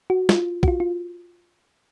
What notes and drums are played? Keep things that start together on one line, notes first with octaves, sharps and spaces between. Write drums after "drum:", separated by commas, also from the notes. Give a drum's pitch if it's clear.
F#4
F4, drum: snare
F#4, drum: kick
F4
F4